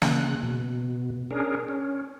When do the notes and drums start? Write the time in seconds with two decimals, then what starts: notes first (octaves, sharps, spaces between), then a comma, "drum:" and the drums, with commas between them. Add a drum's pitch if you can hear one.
0.02 C#3 F#6, drum: snare
0.43 B2
1.31 C#4 D4 G#4 A#4
1.69 C#4